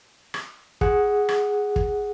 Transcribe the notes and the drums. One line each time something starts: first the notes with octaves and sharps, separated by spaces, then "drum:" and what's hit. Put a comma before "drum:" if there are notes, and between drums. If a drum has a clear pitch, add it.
drum: rim click
G#4 F#5, drum: kick
drum: rim click
drum: kick